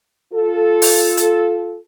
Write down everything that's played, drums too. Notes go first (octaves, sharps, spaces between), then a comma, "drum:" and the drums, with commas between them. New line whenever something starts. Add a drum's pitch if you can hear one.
F4 A4
drum: open hi-hat
drum: hi-hat